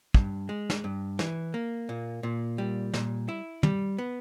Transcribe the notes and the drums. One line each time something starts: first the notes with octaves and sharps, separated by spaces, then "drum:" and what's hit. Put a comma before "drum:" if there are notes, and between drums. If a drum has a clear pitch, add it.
G2, drum: kick
G#3
drum: snare
G2
E3, drum: snare
A#3
A#2
A#2
G3
A#2, drum: snare
E4
G3, drum: tom
B3